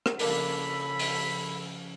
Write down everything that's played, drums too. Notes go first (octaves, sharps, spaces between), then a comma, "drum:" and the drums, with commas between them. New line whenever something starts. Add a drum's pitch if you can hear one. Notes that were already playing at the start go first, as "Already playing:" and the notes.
drum: rim click
C#3 F3 A#3 D4 A4 A#4 B5, drum: open hi-hat
drum: open hi-hat